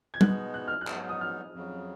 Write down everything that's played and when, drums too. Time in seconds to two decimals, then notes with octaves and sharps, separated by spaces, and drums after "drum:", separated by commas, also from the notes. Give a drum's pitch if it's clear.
0.14 G#6
0.21 B2 G#3 B3 D#4 F#6, drum: tom G3
0.54 F#6
0.68 F6
0.81 F#6
0.87 G#2 F#3 B3 D#4, drum: clap
1.09 D#6
1.21 F6
1.54 F2 C#3 F#3